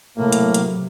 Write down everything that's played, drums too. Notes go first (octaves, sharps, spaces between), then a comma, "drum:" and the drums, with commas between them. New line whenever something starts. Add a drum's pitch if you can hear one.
A2 C3 F#3 A#3
drum: hi-hat
drum: hi-hat